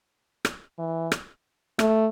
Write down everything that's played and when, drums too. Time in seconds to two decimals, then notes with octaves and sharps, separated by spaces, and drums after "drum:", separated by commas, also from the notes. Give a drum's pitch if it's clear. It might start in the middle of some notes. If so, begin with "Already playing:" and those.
0.45 drum: rim click
0.78 E3
1.12 drum: rim click
1.79 A3, drum: rim click